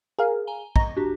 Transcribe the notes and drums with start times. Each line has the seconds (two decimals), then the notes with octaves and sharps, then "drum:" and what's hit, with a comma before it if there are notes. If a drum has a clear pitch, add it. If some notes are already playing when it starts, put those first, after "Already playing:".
0.19 G#4 A#4 F5
0.47 G#5 A#5 G7
0.76 D#5 A#5 C#6, drum: kick
0.96 D4 F#4 G4